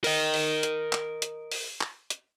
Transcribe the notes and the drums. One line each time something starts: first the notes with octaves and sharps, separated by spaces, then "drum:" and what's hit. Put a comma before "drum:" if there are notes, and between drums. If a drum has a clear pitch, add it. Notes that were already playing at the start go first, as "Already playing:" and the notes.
A#4 D#5, drum: open hi-hat
drum: open hi-hat
drum: hi-hat
drum: clap
drum: hi-hat
drum: open hi-hat
drum: clap
drum: hi-hat